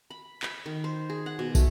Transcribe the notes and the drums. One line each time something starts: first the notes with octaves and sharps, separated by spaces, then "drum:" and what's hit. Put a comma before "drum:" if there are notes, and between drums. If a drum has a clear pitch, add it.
B5
B5, drum: clap
D#3
C5
G#4
F#5
B2
A3, drum: kick, tambourine